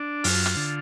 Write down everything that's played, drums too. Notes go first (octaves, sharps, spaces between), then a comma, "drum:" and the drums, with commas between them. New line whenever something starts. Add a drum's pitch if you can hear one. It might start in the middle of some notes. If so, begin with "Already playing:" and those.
Already playing: D4
F#2 F4, drum: open hi-hat
drum: rim click
D3